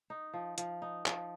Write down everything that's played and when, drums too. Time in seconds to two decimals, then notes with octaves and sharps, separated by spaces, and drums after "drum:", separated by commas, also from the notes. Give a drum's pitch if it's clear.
0.10 D#4
0.33 F3
0.58 F3, drum: hi-hat
0.82 D#4
1.06 F3, drum: clap